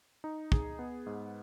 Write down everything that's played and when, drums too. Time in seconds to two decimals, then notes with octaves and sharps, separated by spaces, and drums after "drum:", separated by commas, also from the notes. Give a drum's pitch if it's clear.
0.24 D#4
0.52 G#4, drum: kick
0.79 B3
1.06 G#2